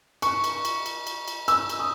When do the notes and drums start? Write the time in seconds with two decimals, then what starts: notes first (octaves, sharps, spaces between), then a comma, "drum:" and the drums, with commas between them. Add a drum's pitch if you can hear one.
0.22 C#6, drum: cymbal
0.44 drum: cymbal
0.65 drum: cymbal
0.86 drum: cymbal
1.07 drum: cymbal
1.28 drum: cymbal
1.48 E6, drum: cymbal
1.69 drum: cymbal
1.79 D#6